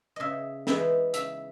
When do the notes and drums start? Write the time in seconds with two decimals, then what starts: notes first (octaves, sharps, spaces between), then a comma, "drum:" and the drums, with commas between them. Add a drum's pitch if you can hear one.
0.16 C#3 D#5 E5
0.67 E3 G#3 B3 D#4 E5, drum: snare
1.14 C#3 E5, drum: hi-hat